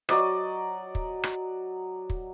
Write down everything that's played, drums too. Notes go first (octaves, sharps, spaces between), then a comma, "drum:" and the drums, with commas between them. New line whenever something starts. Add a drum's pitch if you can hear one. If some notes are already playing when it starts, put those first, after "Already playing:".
F#3 D5 D#5, drum: rim click
drum: kick
drum: rim click
drum: kick